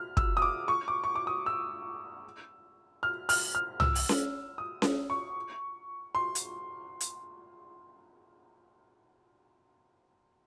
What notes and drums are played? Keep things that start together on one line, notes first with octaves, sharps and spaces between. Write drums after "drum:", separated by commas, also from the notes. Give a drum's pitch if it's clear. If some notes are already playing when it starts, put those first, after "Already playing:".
Already playing: F6
E6, drum: kick
D#6
D6
C#6
D6
C#6
D6
D#6
E6
F6
F6, drum: open hi-hat
F6
E6, drum: tom
drum: open hi-hat
drum: snare C#4
D#6
drum: snare C#4
C#6
C6
drum: hi-hat
drum: hi-hat